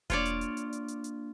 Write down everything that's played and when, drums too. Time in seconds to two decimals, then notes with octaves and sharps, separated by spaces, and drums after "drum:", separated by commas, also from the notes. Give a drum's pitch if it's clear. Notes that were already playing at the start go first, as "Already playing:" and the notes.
0.10 A#3 D4 F4 C#5 D5, drum: kick E1, hi-hat
0.25 drum: hi-hat
0.41 drum: hi-hat
0.57 drum: hi-hat
0.73 drum: hi-hat
0.88 drum: hi-hat
1.04 drum: hi-hat